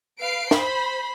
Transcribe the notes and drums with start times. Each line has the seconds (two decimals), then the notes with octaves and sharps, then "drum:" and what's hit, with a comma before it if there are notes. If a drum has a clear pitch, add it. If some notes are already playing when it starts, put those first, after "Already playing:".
0.19 B4 F5 C7 D7
0.51 C5 B5, drum: snare